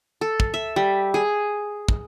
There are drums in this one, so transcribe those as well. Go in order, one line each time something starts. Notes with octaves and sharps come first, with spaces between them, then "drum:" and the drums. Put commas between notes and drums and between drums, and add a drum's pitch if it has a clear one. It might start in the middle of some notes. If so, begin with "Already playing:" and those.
A4
drum: kick
E5
G3
G#4
drum: kick